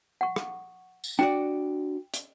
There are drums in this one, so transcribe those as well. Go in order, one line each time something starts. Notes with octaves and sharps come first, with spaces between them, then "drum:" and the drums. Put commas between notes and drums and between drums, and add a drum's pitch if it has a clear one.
F#5 C#6
drum: rim click
drum: tambourine
D4 F#4 D5 G5
drum: hi-hat